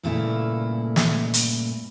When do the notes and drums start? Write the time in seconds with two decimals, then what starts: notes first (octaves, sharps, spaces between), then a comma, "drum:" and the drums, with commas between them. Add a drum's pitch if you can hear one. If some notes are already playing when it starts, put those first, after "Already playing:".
0.03 G2 A#2 C#3 A3 A#3 E4
0.96 drum: snare
1.34 drum: hi-hat